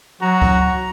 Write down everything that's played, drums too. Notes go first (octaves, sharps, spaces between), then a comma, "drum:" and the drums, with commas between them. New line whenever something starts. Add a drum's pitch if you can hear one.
F#3 F#4 A#5
drum: kick C#2